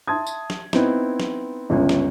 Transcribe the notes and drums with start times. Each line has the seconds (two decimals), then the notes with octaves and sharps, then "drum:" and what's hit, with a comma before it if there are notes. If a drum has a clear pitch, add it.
0.07 E5 A5 C6 D#6 G#6
0.27 drum: tambourine
0.50 drum: snare
0.73 B3 C4 D#4 E4, drum: snare
1.20 drum: snare
1.70 G1 C#2 C#4
1.89 drum: snare